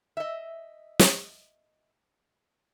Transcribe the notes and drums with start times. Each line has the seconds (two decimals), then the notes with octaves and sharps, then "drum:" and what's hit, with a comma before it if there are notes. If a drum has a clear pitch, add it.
0.17 D#5 E5
0.99 drum: snare